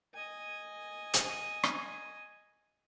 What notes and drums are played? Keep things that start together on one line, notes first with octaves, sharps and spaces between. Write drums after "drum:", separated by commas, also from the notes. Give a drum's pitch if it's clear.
D#5 G#5
drum: hi-hat
drum: rim click